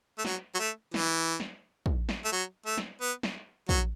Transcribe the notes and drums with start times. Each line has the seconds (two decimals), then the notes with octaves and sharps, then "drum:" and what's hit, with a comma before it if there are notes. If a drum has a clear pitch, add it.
0.18 A3
0.25 F#3, drum: snare
0.55 F#3
0.59 A3
0.94 E3, drum: snare
1.40 drum: snare
1.86 drum: kick
2.09 drum: snare
2.25 A3
2.32 F#3
2.66 A3
2.77 drum: snare
3.01 B3
3.23 drum: snare
3.69 F#3, drum: kick